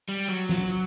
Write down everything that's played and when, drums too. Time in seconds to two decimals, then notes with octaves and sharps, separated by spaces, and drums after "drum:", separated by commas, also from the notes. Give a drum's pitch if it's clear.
0.09 G3
0.28 F#3
0.49 drum: snare